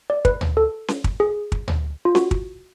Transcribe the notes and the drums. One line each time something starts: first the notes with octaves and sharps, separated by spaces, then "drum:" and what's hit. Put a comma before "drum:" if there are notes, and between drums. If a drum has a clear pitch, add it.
D5
B4, drum: kick
drum: tom
A4
drum: snare C#4
drum: kick
G#4
drum: kick
drum: tom
F4
F#4, drum: snare C#4
drum: kick